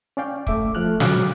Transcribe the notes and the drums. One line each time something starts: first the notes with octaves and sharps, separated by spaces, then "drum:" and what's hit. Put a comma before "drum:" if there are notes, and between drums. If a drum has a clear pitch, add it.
C#4 D5 F5 G5
A3 E5 D6, drum: kick
F3 A3 A4 F6 F#6
D3 F#3 F5 D6 F6 F#6, drum: snare